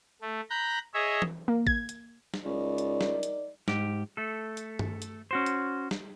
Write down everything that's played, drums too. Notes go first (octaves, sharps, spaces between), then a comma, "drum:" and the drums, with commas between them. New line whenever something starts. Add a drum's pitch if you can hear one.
A3
A#5 B5 F#6 G6
G#4 C#5 D#5 E5
drum: tom E3
A#3
G#6, drum: kick A1
drum: hi-hat
drum: snare
C#2 D#4 A#4 D5
drum: hi-hat
drum: snare
drum: hi-hat
G#2 G4, drum: snare
A3 A4
drum: hi-hat
drum: tom G2
drum: hi-hat
C#4 F#4 C5
drum: hi-hat
drum: snare